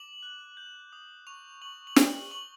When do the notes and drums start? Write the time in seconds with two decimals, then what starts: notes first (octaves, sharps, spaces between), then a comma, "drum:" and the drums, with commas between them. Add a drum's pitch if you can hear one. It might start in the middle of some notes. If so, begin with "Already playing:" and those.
Already playing: D6 F#7
0.23 F#6
0.57 G6
0.93 D#6
1.27 C#6 F7
1.62 C#6 F#7
1.87 F#7
1.96 C#6 G7, drum: snare
2.31 C#6 F#7